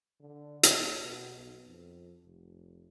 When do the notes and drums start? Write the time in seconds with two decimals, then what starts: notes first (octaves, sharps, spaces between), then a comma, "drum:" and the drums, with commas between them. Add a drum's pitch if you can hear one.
0.20 D3
0.63 A#3, drum: hi-hat
1.01 B2
1.35 B1
1.65 F2
2.24 F1